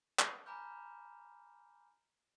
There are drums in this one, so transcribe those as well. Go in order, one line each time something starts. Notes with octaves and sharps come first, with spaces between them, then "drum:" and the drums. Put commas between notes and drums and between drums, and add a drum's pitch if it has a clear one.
drum: clap
G#5 A#5 B5 D6 F6 G6